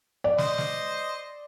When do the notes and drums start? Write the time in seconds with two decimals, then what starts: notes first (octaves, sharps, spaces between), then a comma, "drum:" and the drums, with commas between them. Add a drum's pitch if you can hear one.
0.24 D5
0.38 C5 D#5, drum: snare
0.58 drum: snare